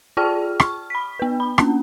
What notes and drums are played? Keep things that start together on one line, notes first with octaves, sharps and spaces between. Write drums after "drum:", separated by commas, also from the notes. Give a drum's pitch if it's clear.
F4 G#4 D5 G5 A5 F6
C#6 F6, drum: rim click
B5 B6
B3 B4
B5
A#3 C#4 D4, drum: rim click